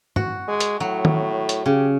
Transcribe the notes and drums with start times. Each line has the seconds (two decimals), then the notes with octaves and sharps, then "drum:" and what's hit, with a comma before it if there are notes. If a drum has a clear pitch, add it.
0.16 F#4, drum: tom
0.48 G#3
0.60 drum: hi-hat
0.80 A2 F#3
1.05 drum: tom D#3
1.49 drum: hi-hat
1.66 C#3 G4